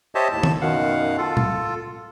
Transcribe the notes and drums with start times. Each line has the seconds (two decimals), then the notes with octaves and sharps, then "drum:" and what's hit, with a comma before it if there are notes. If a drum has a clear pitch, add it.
0.15 G4 C5 C#5 D#5 E5 A5
0.32 D#2 A2 A5
0.43 drum: tom D#3
0.61 F#2 B2 D#3 F5 F#5
1.18 F4 A4
1.37 drum: tom A#2